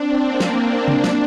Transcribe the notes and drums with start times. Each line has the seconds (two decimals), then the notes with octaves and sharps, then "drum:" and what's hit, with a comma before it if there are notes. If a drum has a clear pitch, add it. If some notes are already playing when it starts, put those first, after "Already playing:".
Already playing: C4 D4
0.24 A#3
0.40 drum: snare
0.56 C4
0.88 D4, drum: tom C3
1.04 drum: snare